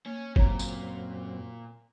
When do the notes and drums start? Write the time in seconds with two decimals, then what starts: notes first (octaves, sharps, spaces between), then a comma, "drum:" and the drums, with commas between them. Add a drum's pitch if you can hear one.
0.06 A#3 C#4
0.36 F#2 A#2 C4 C#5 A#5, drum: kick G1
0.59 drum: tambourine